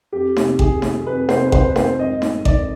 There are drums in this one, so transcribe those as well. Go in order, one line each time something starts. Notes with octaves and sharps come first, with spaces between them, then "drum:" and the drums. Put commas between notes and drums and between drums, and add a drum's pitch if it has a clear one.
F2 G4
C3, drum: snare D#4
D#3 G#4, drum: kick A1
F2, drum: snare D#4
F2 B4
C3 C5, drum: snare D#4
B4
D#3 C5, drum: kick A1
B4
F2 C5, drum: snare D#4
G#1 D#5
G#2, drum: snare D#4
D#3 D5, drum: kick A1